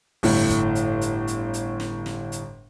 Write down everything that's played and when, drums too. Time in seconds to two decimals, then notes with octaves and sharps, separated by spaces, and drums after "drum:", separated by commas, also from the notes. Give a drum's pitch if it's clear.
0.23 G1 A2, drum: open hi-hat
0.49 drum: kick, hi-hat
0.75 drum: hi-hat
1.01 drum: hi-hat
1.27 drum: hi-hat
1.54 drum: hi-hat
1.80 drum: snare
2.06 drum: snare
2.32 drum: hi-hat